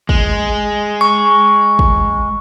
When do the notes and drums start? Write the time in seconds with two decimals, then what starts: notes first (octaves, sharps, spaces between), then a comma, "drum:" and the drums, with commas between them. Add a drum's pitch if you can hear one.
0.09 G#3, drum: kick
1.01 C#6
1.79 drum: kick